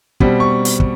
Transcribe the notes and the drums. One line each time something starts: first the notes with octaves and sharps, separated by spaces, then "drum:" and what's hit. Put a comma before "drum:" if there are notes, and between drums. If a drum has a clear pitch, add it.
B2 G3 C4, drum: kick
C#6
drum: hi-hat
drum: kick